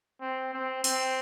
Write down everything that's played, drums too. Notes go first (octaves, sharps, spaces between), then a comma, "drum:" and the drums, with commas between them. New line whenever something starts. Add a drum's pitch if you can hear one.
C4
C4
C4, drum: open hi-hat